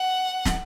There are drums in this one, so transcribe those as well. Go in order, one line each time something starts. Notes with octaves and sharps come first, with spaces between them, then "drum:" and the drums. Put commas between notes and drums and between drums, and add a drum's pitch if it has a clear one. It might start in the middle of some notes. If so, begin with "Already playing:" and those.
Already playing: F#5
drum: snare